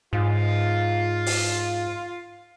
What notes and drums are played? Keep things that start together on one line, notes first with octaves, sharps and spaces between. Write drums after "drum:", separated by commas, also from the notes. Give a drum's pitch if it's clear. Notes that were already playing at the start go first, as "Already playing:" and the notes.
G#2 F4
drum: open hi-hat